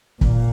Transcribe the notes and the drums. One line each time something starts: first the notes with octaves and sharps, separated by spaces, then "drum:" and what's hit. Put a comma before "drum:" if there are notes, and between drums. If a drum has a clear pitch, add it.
A#2, drum: kick